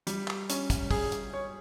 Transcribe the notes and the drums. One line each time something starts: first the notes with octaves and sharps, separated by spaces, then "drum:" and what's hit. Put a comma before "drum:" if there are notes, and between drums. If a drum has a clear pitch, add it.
G3, drum: hi-hat
drum: clap
C#4, drum: hi-hat
drum: kick, hi-hat
G#4, drum: kick, open hi-hat
drum: hi-hat
C#5